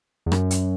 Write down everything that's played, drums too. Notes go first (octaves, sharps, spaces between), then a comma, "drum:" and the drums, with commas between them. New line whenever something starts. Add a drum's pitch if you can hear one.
E2
F#2, drum: rim click
drum: hi-hat